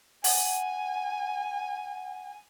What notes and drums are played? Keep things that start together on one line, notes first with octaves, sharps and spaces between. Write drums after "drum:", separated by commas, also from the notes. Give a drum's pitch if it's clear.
F#5 G#5, drum: open hi-hat